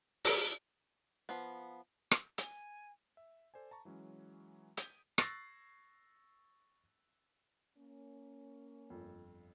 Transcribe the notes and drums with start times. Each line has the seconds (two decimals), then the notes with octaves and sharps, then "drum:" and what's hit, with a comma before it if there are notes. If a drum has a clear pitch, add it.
0.25 drum: open hi-hat
1.29 F3 B3
2.11 drum: rim click
2.38 G#5, drum: hi-hat
3.17 E5
3.54 A4 C5 D5 G#5
3.71 A5 A#5 C#6
3.85 E3 F#3 G#3 C#4
4.77 D#6 G6 G#6 B6 D7 D#7, drum: hi-hat
5.18 C#6 E6 F#6 A6 A#6 C7, drum: rim click
7.78 A#3 C#4
8.90 G1 F2